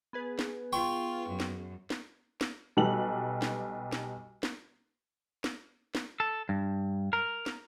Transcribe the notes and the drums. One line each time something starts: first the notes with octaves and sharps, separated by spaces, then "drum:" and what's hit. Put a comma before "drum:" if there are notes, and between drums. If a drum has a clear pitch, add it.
B3 G#4 B4
drum: snare
F4 G5 C6 C#6
F#2
drum: snare
drum: snare
drum: snare
B1 G3 A4 B4 F#7
drum: snare
drum: snare
drum: snare
drum: snare
drum: snare
A4
G2
A#4
drum: snare